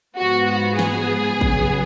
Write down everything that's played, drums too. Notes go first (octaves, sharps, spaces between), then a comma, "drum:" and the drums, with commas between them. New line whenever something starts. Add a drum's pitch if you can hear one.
G#2 F3 B3 F#4
F#4
G#4, drum: snare
C#3 F#3 B3, drum: kick